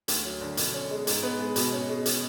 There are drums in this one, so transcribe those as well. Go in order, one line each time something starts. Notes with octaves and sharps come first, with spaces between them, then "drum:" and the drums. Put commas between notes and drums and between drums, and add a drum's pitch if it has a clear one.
D2, drum: hi-hat
F#3
D3
B2, drum: hi-hat
C#4
G#3
G#2, drum: hi-hat
B3
G#3
B2, drum: hi-hat
C#4
G#3
drum: hi-hat